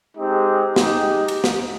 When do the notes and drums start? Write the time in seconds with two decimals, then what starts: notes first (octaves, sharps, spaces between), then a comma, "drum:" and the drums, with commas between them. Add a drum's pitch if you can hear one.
0.17 G#3 C4 D#4 G4
0.76 G#3 D#4 G4, drum: snare
1.28 drum: cymbal
1.44 drum: snare